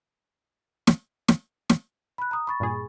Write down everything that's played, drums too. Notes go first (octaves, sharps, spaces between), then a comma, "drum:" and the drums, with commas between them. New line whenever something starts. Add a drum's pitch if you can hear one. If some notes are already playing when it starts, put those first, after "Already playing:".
drum: snare
drum: snare
drum: snare
B5 F#6
A#5 D#6
B5 C#6 A6
G2 A#2 G#4